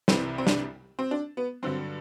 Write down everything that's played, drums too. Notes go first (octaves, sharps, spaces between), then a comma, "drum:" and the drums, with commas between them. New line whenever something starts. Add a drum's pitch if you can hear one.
C2 C3 E3 G3 C4, drum: snare
C4
D4, drum: snare
C4
D4
B3
G2 D3 F#3 C4